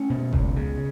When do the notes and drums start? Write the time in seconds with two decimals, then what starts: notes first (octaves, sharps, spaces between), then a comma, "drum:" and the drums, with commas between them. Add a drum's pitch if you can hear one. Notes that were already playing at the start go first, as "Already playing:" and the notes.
Already playing: A3 C#4
0.10 B2
0.33 C#2, drum: kick F#1
0.56 C#3